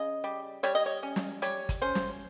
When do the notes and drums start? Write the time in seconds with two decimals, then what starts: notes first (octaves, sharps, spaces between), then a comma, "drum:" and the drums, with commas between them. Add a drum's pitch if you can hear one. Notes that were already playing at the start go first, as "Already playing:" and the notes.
Already playing: C#3 D#5
0.24 G3
0.63 G3 C#5, drum: hi-hat
0.75 D#5
0.86 C#5
1.03 C#4
1.16 drum: snare
1.42 G3 C#5, drum: hi-hat
1.69 drum: kick, hi-hat
1.82 C#4 C5
1.95 drum: snare